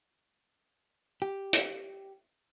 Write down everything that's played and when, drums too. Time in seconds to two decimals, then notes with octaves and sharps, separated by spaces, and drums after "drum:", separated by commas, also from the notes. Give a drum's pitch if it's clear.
1.22 G4
1.53 drum: hi-hat